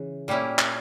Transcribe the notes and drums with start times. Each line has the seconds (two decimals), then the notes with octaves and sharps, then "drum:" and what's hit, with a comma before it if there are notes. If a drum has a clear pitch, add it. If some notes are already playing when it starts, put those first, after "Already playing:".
Already playing: C#3 E3
0.28 A#2 G3 A#3 C#4 E4
0.59 drum: clap